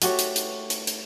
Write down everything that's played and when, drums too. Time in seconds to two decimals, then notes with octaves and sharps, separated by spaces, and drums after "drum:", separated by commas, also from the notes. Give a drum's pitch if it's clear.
0.02 A3 F#4 G4 C#5, drum: hi-hat
0.19 drum: hi-hat
0.36 drum: hi-hat
0.70 drum: hi-hat
0.87 drum: hi-hat